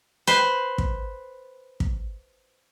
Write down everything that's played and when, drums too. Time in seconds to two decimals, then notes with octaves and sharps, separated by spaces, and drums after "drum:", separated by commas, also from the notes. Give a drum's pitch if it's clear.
0.27 B4 C5
0.78 drum: kick
1.80 drum: kick